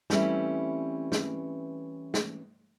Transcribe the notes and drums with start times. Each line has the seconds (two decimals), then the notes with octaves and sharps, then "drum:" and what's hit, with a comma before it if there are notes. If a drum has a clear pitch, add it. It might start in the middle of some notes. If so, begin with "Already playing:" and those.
0.10 E3 G3 A3 C4 C#4 E4, drum: snare
1.12 drum: snare
2.14 drum: snare